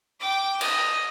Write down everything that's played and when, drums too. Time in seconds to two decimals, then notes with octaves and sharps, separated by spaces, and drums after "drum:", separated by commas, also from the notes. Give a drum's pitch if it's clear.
0.20 G5 D6
0.61 D#5, drum: cymbal